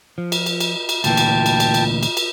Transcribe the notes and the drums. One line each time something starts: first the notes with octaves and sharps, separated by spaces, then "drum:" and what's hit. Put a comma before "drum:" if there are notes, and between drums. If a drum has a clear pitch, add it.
F3
drum: cymbal
drum: cymbal
drum: cymbal
drum: cymbal
D2 A#2 E3 G5 A5, drum: cymbal
drum: cymbal
drum: cymbal
drum: cymbal
drum: cymbal
drum: cymbal
drum: cymbal